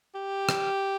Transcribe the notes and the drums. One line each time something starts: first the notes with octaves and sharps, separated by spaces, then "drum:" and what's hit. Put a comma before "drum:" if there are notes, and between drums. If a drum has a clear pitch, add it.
G4
drum: rim click